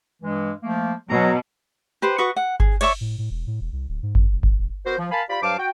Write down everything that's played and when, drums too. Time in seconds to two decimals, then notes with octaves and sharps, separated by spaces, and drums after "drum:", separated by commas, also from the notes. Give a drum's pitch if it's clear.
0.23 G2 E3 G#3
0.63 F3 A3 A#3
1.09 B2 F#3 A#5
2.02 G4 B4 C5
2.18 F#4 B4 C#6 D#6
2.36 F#5
2.60 G#4, drum: kick G1
2.81 C#5 D5 E5 C#6, drum: cymbal
3.01 A2
3.18 A2
3.31 E1
3.47 A2
3.61 E1
3.72 C2
3.89 D1
4.03 G#2
4.15 F#2, drum: kick G1
4.32 E1
4.43 D1, drum: kick G1
4.57 D#1
4.86 B3 F#4 A#4 C5
4.99 F3
5.11 A#4 F5 G#5 A5 B5
5.30 F4 G4 D5 B5
5.42 G2 F#3 C5 F5 A5 D6
5.59 F#4 G5